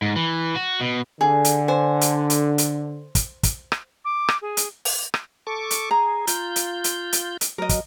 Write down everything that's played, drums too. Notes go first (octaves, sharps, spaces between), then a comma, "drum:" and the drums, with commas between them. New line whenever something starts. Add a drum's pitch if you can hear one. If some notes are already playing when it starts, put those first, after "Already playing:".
G#2
E3
F#4
B2
D3 G#4
drum: hi-hat
C5 G#5
drum: hi-hat
drum: hi-hat
drum: hi-hat
drum: kick, hi-hat
drum: kick, hi-hat
drum: rim click
D6
drum: rim click
G#4
drum: hi-hat
drum: open hi-hat
drum: rim click
A4 C#6 D6
drum: hi-hat
G#4 A#5
F4 G6, drum: hi-hat
drum: hi-hat
drum: hi-hat
drum: hi-hat
drum: hi-hat
F#3 A#4 D#5
drum: kick, hi-hat